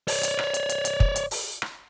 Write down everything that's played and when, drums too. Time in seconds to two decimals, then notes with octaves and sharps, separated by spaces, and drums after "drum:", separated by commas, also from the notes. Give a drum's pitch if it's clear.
0.08 C#5 D5, drum: open hi-hat
0.23 drum: hi-hat
0.39 drum: rim click
0.54 drum: hi-hat
0.69 drum: hi-hat
0.85 drum: hi-hat
1.00 drum: kick
1.16 drum: hi-hat
1.31 drum: open hi-hat
1.62 drum: rim click